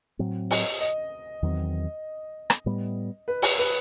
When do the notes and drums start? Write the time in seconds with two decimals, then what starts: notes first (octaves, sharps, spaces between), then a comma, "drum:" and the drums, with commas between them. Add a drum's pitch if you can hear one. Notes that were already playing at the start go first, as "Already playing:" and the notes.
0.19 A2 F#3 C4
0.51 D#5, drum: open hi-hat
0.81 D#5
1.43 E2 D#3 F#3 C4
2.50 drum: rim click
2.66 A2 G3 B3
3.28 B4
3.42 drum: open hi-hat
3.58 B4